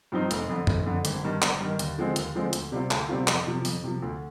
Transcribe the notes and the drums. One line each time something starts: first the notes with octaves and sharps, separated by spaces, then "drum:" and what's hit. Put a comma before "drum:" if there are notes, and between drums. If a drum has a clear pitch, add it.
G2 F3 C4 D#4
F1, drum: hi-hat
F2 D3
F1, drum: tom F#2
F2 D3
G#1, drum: hi-hat
G2 D#3
G#1, drum: clap
G2 D#3
D#2, drum: hi-hat
D3 F3 G#3 C4
D#2, drum: hi-hat
D3 F3 G#3 C4
D2, drum: hi-hat
C3 G3 C4 F4
D2, drum: clap
C3 G3 C4 F4
F2, drum: clap
C3 F3
F2, drum: open hi-hat
C3 F3
D2